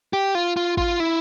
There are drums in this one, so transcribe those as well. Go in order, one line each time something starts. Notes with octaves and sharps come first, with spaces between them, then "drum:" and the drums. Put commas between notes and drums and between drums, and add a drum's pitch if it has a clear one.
G4
F4
F4
F4, drum: kick G#1
E4